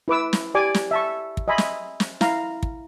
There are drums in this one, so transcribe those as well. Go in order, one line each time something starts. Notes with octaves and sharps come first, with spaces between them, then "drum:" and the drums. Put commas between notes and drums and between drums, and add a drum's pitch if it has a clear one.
E4 B4 D6 E6
drum: snare
G4 D5 G#5 D6
drum: snare
E5 A5 C#6
drum: kick
D#5 E5 G#5 B5 C6
drum: snare
drum: snare
E4 F5 A#5, drum: snare
drum: kick